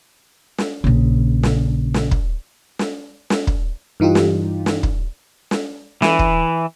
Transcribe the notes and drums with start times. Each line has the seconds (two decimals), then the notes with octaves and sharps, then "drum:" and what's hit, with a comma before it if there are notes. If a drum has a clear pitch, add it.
0.58 drum: snare
0.84 A#1 C#3
1.43 drum: snare
1.94 drum: snare
2.11 drum: kick
2.79 drum: snare
3.30 drum: snare
3.47 drum: kick
4.00 G2 E3 D#4 F4 G4
4.15 drum: snare
4.66 drum: snare
4.83 drum: kick
5.51 drum: snare
6.02 E3, drum: snare
6.19 drum: kick